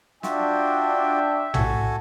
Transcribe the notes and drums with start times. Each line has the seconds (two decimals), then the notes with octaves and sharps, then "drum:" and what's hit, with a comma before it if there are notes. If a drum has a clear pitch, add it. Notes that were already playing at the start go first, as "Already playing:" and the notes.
0.23 D4 F4 F#4 E5 G5, drum: snare
1.54 A2 C3 F#4 A4 G#5, drum: tom A#1